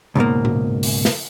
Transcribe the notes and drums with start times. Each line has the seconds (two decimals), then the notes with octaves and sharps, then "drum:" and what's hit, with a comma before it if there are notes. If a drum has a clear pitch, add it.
0.15 C#2 G#2 B2 A#3
0.45 drum: tom A#2
0.83 drum: open hi-hat
1.05 drum: snare